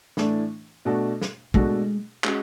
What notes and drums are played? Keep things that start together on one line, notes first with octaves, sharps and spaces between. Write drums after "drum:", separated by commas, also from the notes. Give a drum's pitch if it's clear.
A2 E3 A3 D4, drum: snare
B2 A3 D4 F#4 A4
drum: snare
B2 G#3 A3 D4 F#4 A4, drum: kick
G#3 C#4 F#4, drum: clap